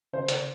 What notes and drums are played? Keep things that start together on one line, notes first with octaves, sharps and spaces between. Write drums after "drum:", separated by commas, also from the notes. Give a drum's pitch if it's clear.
C#3 C5
drum: hi-hat